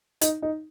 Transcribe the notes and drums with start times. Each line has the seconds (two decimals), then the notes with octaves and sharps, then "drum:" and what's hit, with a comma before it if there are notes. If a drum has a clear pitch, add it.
0.21 D#4, drum: hi-hat
0.42 D#4